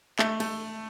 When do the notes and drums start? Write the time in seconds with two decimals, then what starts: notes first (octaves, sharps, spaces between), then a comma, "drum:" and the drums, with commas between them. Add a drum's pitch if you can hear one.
0.19 A3, drum: clap
0.40 A3, drum: cymbal